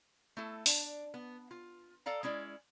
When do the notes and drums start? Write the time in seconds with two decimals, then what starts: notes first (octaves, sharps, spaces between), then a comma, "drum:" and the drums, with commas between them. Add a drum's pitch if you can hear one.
0.37 A3 E4 A4
0.66 D4, drum: open hi-hat
1.14 B3
1.51 F4
2.06 A4 D5 F5 A#5
2.23 G#3 C#4 E4 D5